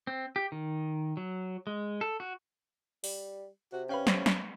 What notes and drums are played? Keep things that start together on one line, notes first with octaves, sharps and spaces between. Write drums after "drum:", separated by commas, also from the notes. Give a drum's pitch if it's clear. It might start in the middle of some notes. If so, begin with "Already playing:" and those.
C4
G4
D#3
F#3
G#3
A4
F#4
G3, drum: open hi-hat
C3 F#4
C#4 B4 F5 G5
drum: snare
drum: snare